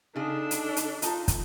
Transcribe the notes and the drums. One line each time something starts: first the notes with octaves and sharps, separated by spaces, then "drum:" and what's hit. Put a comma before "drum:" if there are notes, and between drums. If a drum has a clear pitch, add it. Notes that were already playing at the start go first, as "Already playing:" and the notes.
C#3 D4 D#4 G#4 A4
drum: hi-hat
drum: hi-hat
D#4 F4 A5, drum: hi-hat
drum: kick, hi-hat